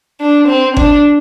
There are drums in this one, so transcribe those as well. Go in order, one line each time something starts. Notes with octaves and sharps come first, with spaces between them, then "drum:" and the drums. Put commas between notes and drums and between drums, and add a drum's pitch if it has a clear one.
D4
C4
D4, drum: kick G1